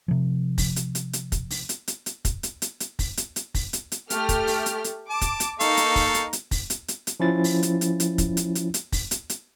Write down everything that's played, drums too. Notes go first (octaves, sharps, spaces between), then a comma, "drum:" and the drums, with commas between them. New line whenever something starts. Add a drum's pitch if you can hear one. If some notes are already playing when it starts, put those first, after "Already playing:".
C3 F3
drum: kick, open hi-hat
drum: hi-hat
drum: hi-hat
drum: hi-hat
drum: kick, hi-hat
drum: open hi-hat
drum: hi-hat
drum: hi-hat
drum: hi-hat
drum: kick, hi-hat
drum: hi-hat
drum: hi-hat
drum: hi-hat
drum: kick, open hi-hat
drum: hi-hat
drum: hi-hat
drum: kick, open hi-hat
drum: hi-hat
drum: hi-hat
A3 G4 F6, drum: hi-hat
drum: kick, hi-hat
drum: open hi-hat
drum: hi-hat
drum: hi-hat
A5 D6
drum: kick, hi-hat
drum: hi-hat
A#3 D#4 A4 F5 C#6, drum: hi-hat
drum: hi-hat
drum: kick, open hi-hat
drum: hi-hat
drum: hi-hat
drum: kick, open hi-hat
drum: hi-hat
drum: hi-hat
drum: hi-hat
F3 C#4 E4 A6
drum: open hi-hat
drum: hi-hat
drum: hi-hat
drum: hi-hat
drum: kick, hi-hat
drum: hi-hat
drum: hi-hat
drum: hi-hat
drum: kick, open hi-hat
drum: hi-hat
drum: hi-hat